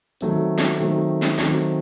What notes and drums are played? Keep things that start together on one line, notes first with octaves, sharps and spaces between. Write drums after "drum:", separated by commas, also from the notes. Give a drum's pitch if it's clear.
D#3 F#3 A3 C4, drum: hi-hat
drum: snare
D#3 F#3 A3 C4
drum: snare
D#3 F#3 A3 C4, drum: snare